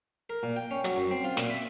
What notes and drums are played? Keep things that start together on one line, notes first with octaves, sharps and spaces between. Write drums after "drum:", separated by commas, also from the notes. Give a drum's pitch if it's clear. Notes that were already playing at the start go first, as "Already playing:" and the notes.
A#4
A#2
G5
C#4
F#3, drum: hi-hat
F#2
C4
F4
A#2, drum: snare
E5